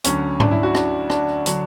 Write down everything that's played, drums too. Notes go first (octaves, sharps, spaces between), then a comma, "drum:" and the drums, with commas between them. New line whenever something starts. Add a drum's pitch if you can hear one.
D2 D3 F#3 C#4, drum: hi-hat
D4, drum: tom G#2
E4
F#4
D4, drum: rim click
D4, drum: rim click
D3 F#3, drum: hi-hat